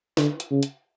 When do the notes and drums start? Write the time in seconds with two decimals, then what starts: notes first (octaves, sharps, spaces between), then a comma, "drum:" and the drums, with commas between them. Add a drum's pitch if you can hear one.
0.17 D3, drum: snare
0.40 drum: hi-hat
0.51 C#3
0.63 drum: hi-hat